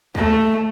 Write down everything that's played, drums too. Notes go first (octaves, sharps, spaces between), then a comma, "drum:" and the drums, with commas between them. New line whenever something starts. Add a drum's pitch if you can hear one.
A3, drum: kick C#2